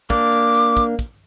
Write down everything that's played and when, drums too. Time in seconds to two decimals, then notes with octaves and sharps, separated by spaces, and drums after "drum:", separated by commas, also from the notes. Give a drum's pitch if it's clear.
0.10 A#3 D4 D6, drum: kick, hi-hat
0.32 drum: hi-hat
0.54 drum: hi-hat
0.77 drum: kick, hi-hat
0.99 drum: kick, hi-hat